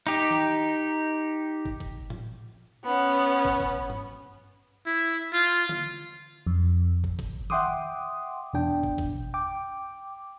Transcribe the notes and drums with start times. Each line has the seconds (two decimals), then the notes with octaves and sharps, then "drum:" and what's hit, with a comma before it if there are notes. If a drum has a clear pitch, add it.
0.07 D#4 G4
0.31 drum: tom D#3
1.65 drum: kick
1.80 drum: kick
2.10 drum: tom A2
2.85 B3 C#4
3.45 drum: kick
3.60 drum: kick
3.90 drum: tom G2
4.86 E4
5.33 F4
5.69 drum: tom D3
6.47 F2
7.04 drum: kick
7.19 drum: kick
7.50 E5 F#5 G5 C6 D6 D#6, drum: tom D#3
8.53 E2 B2 D4 G5
8.83 drum: kick
8.98 drum: kick
9.34 G5 D6